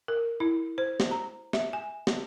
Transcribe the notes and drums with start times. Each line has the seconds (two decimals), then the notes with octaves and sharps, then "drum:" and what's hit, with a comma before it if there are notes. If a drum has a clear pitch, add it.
0.08 A#4
0.40 E4
0.78 C5
1.00 drum: snare
1.11 A#5
1.53 E5, drum: snare
1.73 G#5
2.07 drum: snare